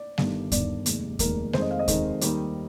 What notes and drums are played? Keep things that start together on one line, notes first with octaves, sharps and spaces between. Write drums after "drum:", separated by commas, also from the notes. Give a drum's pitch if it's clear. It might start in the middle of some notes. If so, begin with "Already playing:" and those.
Already playing: D5
G1 G2 D#3, drum: snare G3
G1 G2 D#3 D5, drum: kick D#2, hi-hat
F1 D#2 D#3 G#3, drum: hi-hat
F1 D#2 D#3 G#3 A#4, drum: kick D#2, hi-hat
F2 D#3 G#3 C5, drum: snare G3
D#5
F5
D#5
F2 D#3 G#3, drum: kick D#2, hi-hat
D#2 D#3 G3, drum: hi-hat